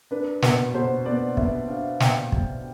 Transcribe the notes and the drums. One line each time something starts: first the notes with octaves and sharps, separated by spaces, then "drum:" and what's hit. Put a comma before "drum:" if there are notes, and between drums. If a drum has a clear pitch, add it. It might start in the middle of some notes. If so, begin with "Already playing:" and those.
D4 B4
B2 B4, drum: snare
B2 C5
B3 D5
B3 E5, drum: kick
D4 F5
B3 G5, drum: snare
B2, drum: kick